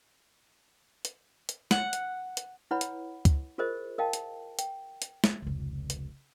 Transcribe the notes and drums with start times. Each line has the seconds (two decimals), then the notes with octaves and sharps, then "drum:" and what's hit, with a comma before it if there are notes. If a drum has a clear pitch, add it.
1.05 drum: hi-hat
1.49 drum: hi-hat
1.71 F#5, drum: snare
1.93 drum: hi-hat
2.37 drum: hi-hat
2.71 E4 B4 C#5 F#5 B5
2.81 drum: hi-hat
3.25 drum: kick C#2, hi-hat
3.58 F4 G#4 A#4 C5 D#5
3.98 A#4 D#5 F5 G5 A5
4.13 drum: hi-hat
4.59 G5, drum: hi-hat
5.02 drum: hi-hat
5.24 drum: snare
5.42 F1 C#2
5.90 drum: hi-hat